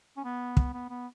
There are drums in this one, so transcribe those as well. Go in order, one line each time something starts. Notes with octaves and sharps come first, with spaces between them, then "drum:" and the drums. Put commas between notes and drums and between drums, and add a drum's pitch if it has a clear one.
C#4
B3
drum: kick
B3
B3